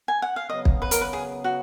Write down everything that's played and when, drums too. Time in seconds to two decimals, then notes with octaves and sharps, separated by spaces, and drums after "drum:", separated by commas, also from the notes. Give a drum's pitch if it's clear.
0.08 G#5
0.22 F#5
0.36 F5
0.50 C#3 F#3 B3 D#5
0.65 drum: kick
0.82 B4
0.91 A#4, drum: hi-hat
1.01 B4
1.13 G#4
1.44 F#4